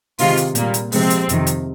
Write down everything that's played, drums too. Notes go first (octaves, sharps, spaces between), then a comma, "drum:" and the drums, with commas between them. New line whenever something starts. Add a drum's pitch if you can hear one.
C3 D#3 G#3 F4, drum: open hi-hat
drum: hi-hat
A#2 G3 A#3, drum: hi-hat
drum: hi-hat
C3 F3 G#3 C4, drum: open hi-hat
drum: hi-hat
F2 C3 D#3, drum: hi-hat
drum: hi-hat